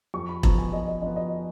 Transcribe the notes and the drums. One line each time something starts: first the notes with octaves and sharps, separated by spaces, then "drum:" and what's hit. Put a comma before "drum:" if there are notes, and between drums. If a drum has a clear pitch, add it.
F2 C#6
B5
F3 B3 A#5, drum: kick E1
G#5
F2 D#5
D#5
F3 B3 D#5
D#5